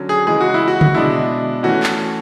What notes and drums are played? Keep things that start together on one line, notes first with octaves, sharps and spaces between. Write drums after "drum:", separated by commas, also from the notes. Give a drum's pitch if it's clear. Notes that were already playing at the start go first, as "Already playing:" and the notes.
Already playing: D3 F#3 C#4
G#4
C#3 E3 G#3 G#4
F#4
E4
F#4
drum: tom C#3
B2 G#3 D4 E4
E3 A3 C#4 F#4
drum: clap